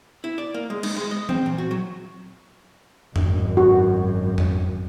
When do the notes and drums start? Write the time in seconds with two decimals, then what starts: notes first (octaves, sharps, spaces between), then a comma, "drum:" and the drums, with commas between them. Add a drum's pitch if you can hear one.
0.24 E4
0.38 D5
0.54 A#3
0.70 G#3
0.83 D#4, drum: cymbal
0.96 G#3
1.11 D#5
1.29 C4, drum: tom E3
1.46 A#2
1.58 F#4
1.71 F#3
3.16 G#1 F#2, drum: tom F2
3.57 F#4
4.38 drum: tom F2